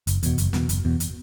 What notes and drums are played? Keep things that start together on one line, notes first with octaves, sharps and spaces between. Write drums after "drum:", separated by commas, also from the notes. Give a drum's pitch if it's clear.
F#1, drum: hi-hat
E2 B2, drum: hi-hat
F#1, drum: hi-hat
E2 B2, drum: snare
F#1, drum: hi-hat
E2 B2
drum: hi-hat